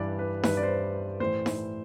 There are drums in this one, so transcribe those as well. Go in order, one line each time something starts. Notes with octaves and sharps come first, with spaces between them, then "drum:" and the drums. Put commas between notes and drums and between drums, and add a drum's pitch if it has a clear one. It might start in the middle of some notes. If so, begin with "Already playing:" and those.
Already playing: G2 E3 D5
B4
G2 E3 B4, drum: snare D#4
D5
C5
A2 E3 C5
drum: snare D#4